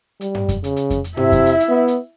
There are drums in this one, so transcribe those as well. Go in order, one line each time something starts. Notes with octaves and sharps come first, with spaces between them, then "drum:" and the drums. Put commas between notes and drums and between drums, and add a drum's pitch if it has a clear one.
G3, drum: hi-hat
drum: tom G2
drum: kick F2, hi-hat
C#3, drum: hi-hat
drum: hi-hat
drum: kick F2, hi-hat
drum: hi-hat
C3 E4 E5, drum: tom G2
drum: kick F2, hi-hat
drum: hi-hat
drum: hi-hat
B3
drum: hi-hat